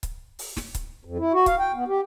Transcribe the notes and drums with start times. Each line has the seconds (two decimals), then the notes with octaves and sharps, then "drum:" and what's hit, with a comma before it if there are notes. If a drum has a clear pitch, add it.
0.03 drum: kick C#1, hi-hat
0.39 drum: open hi-hat
0.57 drum: snare
0.75 drum: kick C#1, hi-hat
1.05 F2
1.18 E4
1.33 F#4
1.46 F5, drum: kick C#1, hi-hat
1.59 G5
1.74 B3
1.88 G4